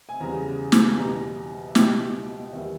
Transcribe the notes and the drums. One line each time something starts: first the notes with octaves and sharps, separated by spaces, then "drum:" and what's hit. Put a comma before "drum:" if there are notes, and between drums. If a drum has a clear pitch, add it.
G#5
E2 C#3 G3 A#5
drum: snare
G#5
E2 B2 G3 A#5
E5
C#2 B2 G3 G5, drum: snare
E2 D#3 G3 E5